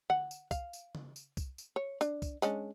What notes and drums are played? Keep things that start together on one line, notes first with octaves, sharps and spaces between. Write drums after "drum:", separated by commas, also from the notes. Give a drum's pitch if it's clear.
F#5, drum: tom D3
drum: tambourine
F5, drum: kick C2, tambourine
drum: tambourine
drum: tom C#3
drum: tambourine
drum: kick C2, tambourine
drum: tambourine
C#5
D4, drum: tambourine
drum: kick C2, tambourine
G#3 C#4 D4, drum: tambourine